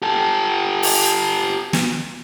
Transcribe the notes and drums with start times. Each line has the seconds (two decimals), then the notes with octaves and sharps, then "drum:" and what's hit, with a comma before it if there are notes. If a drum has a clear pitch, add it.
0.02 G4 A4
0.83 drum: open hi-hat
1.73 drum: snare